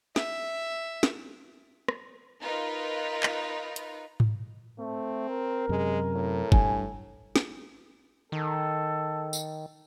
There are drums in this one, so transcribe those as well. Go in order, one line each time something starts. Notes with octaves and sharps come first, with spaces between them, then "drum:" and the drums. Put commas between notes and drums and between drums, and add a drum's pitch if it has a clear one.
E5, drum: snare
drum: snare
drum: rim click
D#4 F4 A#4 B4
drum: clap
drum: hi-hat
drum: tom G#2
A3 C4
A#4
F#2 C3 G#3
A2
G2 G#5, drum: kick
drum: snare
D#3 A4
drum: tambourine